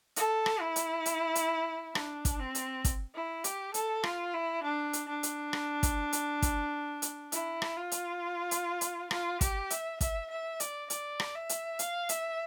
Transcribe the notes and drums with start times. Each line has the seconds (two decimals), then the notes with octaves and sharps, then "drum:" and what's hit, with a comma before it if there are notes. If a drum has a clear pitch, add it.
0.16 A4, drum: hi-hat
0.46 drum: rim click
0.61 E4
0.76 drum: hi-hat
1.06 drum: hi-hat
1.35 drum: hi-hat
1.95 D4, drum: rim click
2.25 drum: kick, hi-hat
2.40 C4
2.55 drum: hi-hat
2.85 drum: kick, hi-hat
3.15 E4
3.44 G4, drum: hi-hat
3.74 A4, drum: hi-hat
4.04 F4, drum: rim click
4.34 E4
4.63 D4
4.93 drum: hi-hat
5.08 D4
5.23 drum: hi-hat
5.53 drum: rim click
5.83 drum: kick, hi-hat
6.13 drum: hi-hat
6.42 drum: kick, hi-hat
7.02 drum: hi-hat
7.32 E4, drum: hi-hat
7.62 drum: rim click
7.77 F4
7.92 drum: hi-hat
8.51 drum: hi-hat
8.81 drum: hi-hat
9.11 F4, drum: rim click
9.41 G4, drum: kick, hi-hat
9.70 E5, drum: hi-hat
10.01 E5, drum: kick, hi-hat
10.30 E5
10.60 D5, drum: hi-hat
10.90 D5, drum: hi-hat
11.20 drum: rim click
11.34 E5
11.49 drum: hi-hat
11.79 F5, drum: hi-hat
12.09 E5, drum: hi-hat